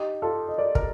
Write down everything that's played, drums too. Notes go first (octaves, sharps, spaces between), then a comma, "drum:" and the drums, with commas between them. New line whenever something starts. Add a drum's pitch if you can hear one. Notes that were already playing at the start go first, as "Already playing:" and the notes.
Already playing: D#4 G4
F4 A4
D#5
A#4 D5
A#4, drum: kick